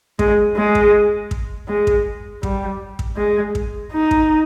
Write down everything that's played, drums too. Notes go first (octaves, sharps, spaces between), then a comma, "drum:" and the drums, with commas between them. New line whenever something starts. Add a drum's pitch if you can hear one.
G#3, drum: kick
G#3
drum: kick
drum: kick
G#3
drum: kick
G3, drum: kick
drum: kick
G#3
drum: kick
D#4
drum: kick